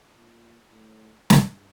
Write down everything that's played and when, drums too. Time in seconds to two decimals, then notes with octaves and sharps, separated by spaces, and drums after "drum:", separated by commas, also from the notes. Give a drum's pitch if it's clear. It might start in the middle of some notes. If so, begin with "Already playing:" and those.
0.13 A#2
0.71 A2
1.30 G2, drum: snare